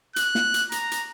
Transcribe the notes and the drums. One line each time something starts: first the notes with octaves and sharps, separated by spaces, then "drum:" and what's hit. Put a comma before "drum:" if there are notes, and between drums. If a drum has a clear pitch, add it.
F#6, drum: hi-hat
drum: snare
drum: hi-hat
A#5, drum: hi-hat
drum: hi-hat